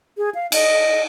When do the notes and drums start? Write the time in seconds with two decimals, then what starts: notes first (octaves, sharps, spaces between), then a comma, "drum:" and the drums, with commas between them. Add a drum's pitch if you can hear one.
0.17 G#4
0.35 F5
0.52 D#5, drum: cymbal